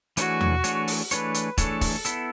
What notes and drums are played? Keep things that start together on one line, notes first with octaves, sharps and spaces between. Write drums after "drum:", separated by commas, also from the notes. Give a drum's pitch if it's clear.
E3 A3 D4 F#4 G#4 C#5, drum: hi-hat
drum: tom E2
E3 A3 D4 G#4 C#5, drum: hi-hat
drum: open hi-hat
E3 A3 D4 G#4 B4 C#5, drum: hi-hat
drum: hi-hat
E3 A3 D4 G#4 A4 C#5, drum: kick E1, hi-hat
drum: kick E1, open hi-hat
B3 E4 A4, drum: hi-hat